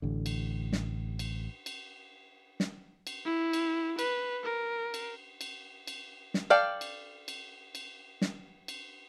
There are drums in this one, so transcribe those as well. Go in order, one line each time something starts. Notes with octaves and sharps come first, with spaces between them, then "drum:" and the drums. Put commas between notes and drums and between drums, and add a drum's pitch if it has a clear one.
A1 D3
drum: cymbal
drum: snare
drum: cymbal
drum: cymbal
drum: snare
drum: cymbal
E4
drum: cymbal
B4, drum: cymbal
A#4
drum: cymbal
drum: cymbal
drum: cymbal
drum: snare
A4 D5 F5 G5
drum: cymbal
drum: cymbal
drum: cymbal
drum: snare
drum: cymbal